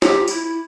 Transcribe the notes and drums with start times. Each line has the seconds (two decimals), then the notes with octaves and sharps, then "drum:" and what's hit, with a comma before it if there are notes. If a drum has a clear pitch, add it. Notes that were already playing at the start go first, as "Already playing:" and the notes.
0.02 G4, drum: snare
0.28 E4, drum: tambourine